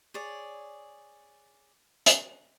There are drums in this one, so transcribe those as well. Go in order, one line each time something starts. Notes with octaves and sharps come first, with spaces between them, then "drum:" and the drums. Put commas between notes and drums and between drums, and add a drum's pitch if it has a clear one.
G#4 C#5 D5
drum: hi-hat